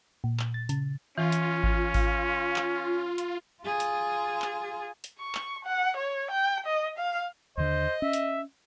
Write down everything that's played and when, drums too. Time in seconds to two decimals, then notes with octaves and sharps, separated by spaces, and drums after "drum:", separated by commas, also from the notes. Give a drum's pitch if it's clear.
0.24 A#2
0.40 drum: clap
0.54 A6
0.69 C#3, drum: hi-hat
1.18 E3 C#4 F4
1.32 drum: hi-hat
1.63 drum: kick G#1
1.94 drum: kick G#1, open hi-hat
2.56 drum: clap
3.18 drum: hi-hat
3.63 F4 G#4
3.80 drum: hi-hat
4.42 drum: clap
5.04 drum: hi-hat
5.19 C#6
5.35 drum: clap
5.65 F#5
5.97 C#5
6.31 G5
6.66 D#5
6.98 F5
7.57 D#2 D3 C5 D#5
8.02 C#4 E5
8.13 drum: hi-hat